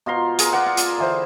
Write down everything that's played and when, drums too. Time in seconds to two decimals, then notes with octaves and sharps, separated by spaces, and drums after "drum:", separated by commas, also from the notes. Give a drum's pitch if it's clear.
0.06 B2 F4 A#5 C6
0.39 G#4 A#4, drum: hi-hat
0.53 A#4 D5 F#5
0.66 F4
0.77 drum: hi-hat
0.98 D3 E3 C5